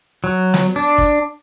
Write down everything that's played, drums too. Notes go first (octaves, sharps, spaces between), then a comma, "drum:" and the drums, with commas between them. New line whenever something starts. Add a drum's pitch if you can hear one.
F#3
drum: snare
D4
drum: kick